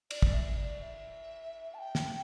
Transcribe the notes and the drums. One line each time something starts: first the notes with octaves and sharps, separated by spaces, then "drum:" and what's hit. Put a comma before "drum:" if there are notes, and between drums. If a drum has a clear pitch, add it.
D5, drum: cymbal
drum: kick
E5
D5
E5
A5
G5
drum: snare